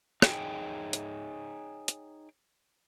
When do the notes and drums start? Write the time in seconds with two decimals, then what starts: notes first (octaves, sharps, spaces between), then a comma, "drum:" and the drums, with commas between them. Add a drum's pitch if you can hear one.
0.22 D#4 G#4 C#5 G5, drum: rim click
0.93 drum: hi-hat
1.88 drum: hi-hat